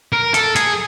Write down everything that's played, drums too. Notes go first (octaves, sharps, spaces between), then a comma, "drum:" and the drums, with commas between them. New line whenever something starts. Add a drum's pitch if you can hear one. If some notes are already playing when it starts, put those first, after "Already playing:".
A#4
A4, drum: hi-hat
G#4, drum: hi-hat